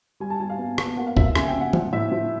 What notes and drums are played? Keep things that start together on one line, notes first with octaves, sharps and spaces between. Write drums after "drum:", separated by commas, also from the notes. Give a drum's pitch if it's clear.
G3 G#5
A5
G3 G#5
F5
B3
B3, drum: rim click
A#3 F#5
F5
F3 E5, drum: kick
F5
C#3 G#5, drum: rim click
G5
C#3
F#5
F3 F#5, drum: tom
A2 E5
F3